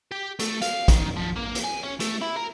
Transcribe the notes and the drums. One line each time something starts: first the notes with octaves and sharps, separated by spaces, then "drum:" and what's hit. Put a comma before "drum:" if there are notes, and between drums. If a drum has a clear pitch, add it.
G4
A3, drum: hi-hat
F5, drum: hi-hat
D#3, drum: kick, hi-hat
F3
A#3
drum: hi-hat
G#5
C#4
A3, drum: hi-hat
E4
A#4